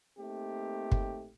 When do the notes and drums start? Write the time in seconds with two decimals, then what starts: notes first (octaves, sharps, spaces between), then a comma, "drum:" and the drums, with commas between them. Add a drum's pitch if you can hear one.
0.18 A3 A#3 C4 D#4 G4
0.92 drum: kick